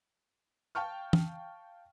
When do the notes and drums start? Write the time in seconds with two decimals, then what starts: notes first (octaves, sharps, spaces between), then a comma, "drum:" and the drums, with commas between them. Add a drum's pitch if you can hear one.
0.75 F5 G5 A5 C#6 F6
1.13 drum: tom